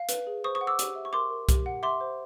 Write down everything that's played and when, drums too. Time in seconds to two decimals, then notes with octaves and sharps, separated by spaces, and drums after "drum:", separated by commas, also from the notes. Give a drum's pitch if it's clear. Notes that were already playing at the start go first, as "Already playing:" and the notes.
Already playing: F5
0.09 B4, drum: hi-hat
0.27 G#4
0.44 C5 C#6 D#6
0.55 C#6 D#6
0.61 F#5
0.67 D6 E6
0.79 G4, drum: hi-hat
0.95 E5
1.05 C#6
1.13 A#4 C6 D6
1.30 A#4
1.49 G4, drum: kick C2, hi-hat
1.66 F#5
1.83 E5 C6 D6
2.01 C5